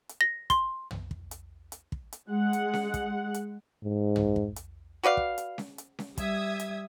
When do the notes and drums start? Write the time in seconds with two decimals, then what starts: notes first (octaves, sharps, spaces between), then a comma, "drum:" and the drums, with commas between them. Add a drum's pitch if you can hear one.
0.09 drum: hi-hat
0.21 A#6
0.50 C6, drum: kick, hi-hat
0.91 drum: tom
1.11 drum: kick
1.31 drum: hi-hat
1.72 drum: hi-hat
1.92 drum: kick
2.13 drum: hi-hat
2.30 G#3 F#5
2.53 drum: hi-hat
2.73 drum: snare C#4
2.94 drum: kick, hi-hat
3.34 drum: hi-hat
3.84 G#2
4.16 drum: tom
4.36 drum: kick
4.56 drum: hi-hat
5.03 F#4 B4 D5 F5
5.17 drum: kick
5.38 drum: hi-hat
5.58 drum: snare C#4
5.78 drum: hi-hat
5.99 drum: snare C#4
6.18 G3 E5 D#6 G#6, drum: kick, hi-hat
6.60 drum: hi-hat